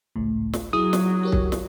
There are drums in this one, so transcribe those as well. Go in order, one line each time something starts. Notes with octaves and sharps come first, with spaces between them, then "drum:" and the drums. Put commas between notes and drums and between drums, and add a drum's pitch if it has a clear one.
G#1 C#2 A2
drum: snare
F#3 E4 G#4 D#6
drum: snare
G4 A#4 C#5
drum: kick C2
drum: snare